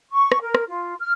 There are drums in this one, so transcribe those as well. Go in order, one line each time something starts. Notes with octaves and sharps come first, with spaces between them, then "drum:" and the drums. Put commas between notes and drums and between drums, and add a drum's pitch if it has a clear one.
C#6
drum: rim click
A#4
drum: rim click
F4
F6